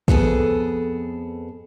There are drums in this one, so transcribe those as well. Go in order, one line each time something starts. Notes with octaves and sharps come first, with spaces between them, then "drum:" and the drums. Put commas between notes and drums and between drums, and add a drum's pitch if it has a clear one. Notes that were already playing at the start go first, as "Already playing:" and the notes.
F2 B3 G#4 A4, drum: kick